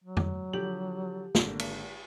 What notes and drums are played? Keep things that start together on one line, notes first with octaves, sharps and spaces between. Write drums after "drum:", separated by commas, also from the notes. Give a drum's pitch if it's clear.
F#3
drum: tom F2
D3 F3 G4 F#7
G#1 D3 A#3, drum: snare
drum: cymbal